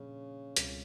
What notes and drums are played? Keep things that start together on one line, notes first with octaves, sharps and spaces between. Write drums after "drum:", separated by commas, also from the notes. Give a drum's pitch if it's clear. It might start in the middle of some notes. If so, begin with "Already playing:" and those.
Already playing: A#2 C#3 F3 A#3 D4
C#2 B2 G3 C4 F4, drum: hi-hat